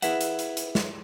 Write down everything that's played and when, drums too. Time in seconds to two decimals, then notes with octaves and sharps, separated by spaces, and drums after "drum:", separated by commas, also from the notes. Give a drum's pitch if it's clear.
0.02 E4 G#4 B4 E5 F#5, drum: hi-hat
0.21 drum: hi-hat
0.39 drum: hi-hat
0.57 drum: hi-hat
0.75 drum: snare